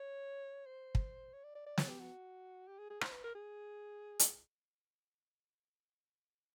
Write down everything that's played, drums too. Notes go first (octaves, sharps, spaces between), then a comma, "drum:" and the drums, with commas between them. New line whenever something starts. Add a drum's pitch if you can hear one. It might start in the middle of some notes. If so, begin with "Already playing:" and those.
Already playing: C#5
C5
drum: kick
C#5
D5
D5
D5
C#5, drum: snare
G4
F#4
G4
G#4
G#4
C5, drum: rim click
B4
A#4
G#4
drum: hi-hat